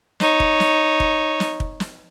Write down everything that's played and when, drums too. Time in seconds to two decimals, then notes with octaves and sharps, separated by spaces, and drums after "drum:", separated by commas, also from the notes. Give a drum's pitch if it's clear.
0.20 D#4 C#5, drum: snare
0.40 drum: kick
0.60 drum: snare
1.00 drum: kick
1.40 drum: snare
1.60 drum: kick
1.80 drum: snare